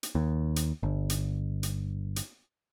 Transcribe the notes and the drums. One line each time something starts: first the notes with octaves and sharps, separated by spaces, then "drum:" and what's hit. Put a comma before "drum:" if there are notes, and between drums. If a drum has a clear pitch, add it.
drum: hi-hat
D#2
drum: hi-hat
G1
drum: hi-hat
drum: hi-hat
drum: hi-hat